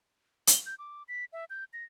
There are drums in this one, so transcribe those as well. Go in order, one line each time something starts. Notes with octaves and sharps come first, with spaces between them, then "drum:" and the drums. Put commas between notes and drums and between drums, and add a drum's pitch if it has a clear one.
G7, drum: hi-hat
G6
D6
B6
E5
G6
A#6